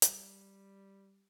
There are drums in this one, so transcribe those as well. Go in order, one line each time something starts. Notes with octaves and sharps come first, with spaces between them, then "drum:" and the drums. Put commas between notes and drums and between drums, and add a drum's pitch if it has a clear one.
F3, drum: hi-hat
G3